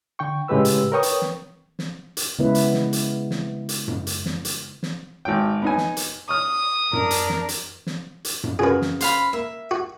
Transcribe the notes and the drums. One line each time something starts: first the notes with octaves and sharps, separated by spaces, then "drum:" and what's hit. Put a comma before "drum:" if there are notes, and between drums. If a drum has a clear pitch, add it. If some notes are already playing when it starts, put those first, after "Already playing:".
D3 G5 C#6
A2 C#3 G#3 G4 B4 E6
drum: hi-hat
A#4 B4 C#5 G5 C#6 D#6
drum: hi-hat
drum: snare
drum: snare
drum: hi-hat
C#3 G#3 B3 E4 B4
drum: hi-hat
drum: snare
drum: hi-hat
drum: snare
drum: hi-hat
drum: tom F#2
drum: hi-hat
drum: snare
drum: hi-hat
drum: snare
G#1 B2 G5
B3 D#4 G#5
drum: snare
drum: hi-hat
C#6 D#6 F6
D4 A#4, drum: tom F#2
drum: hi-hat
drum: snare
drum: hi-hat
drum: snare
drum: hi-hat
drum: tom F#2
C#3 F#4 G#4 A#4 B4
drum: snare
C5 F5 B5, drum: hi-hat
A#3 E5
F#4